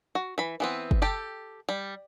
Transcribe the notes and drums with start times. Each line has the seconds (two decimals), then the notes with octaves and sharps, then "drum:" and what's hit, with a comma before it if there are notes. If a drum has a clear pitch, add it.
0.15 F#4
0.38 E3 B5
0.60 E3 B3 C4
0.91 drum: kick
1.02 G4 A4 G5
1.69 G3